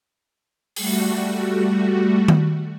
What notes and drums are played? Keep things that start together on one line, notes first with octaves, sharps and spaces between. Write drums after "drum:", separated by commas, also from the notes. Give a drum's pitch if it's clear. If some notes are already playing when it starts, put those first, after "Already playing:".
G3 A3 F#4, drum: open hi-hat
drum: tom D#3